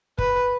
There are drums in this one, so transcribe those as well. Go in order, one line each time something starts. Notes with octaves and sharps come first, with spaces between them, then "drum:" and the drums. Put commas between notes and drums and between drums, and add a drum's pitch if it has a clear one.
B4, drum: kick